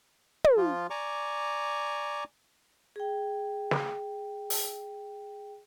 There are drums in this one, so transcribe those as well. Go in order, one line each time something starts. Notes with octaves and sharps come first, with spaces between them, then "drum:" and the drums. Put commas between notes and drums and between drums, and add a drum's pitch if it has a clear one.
drum: tom
F3 F4
D5 G#5 A#5 C#6 D6
G#4 G5
drum: snare
drum: open hi-hat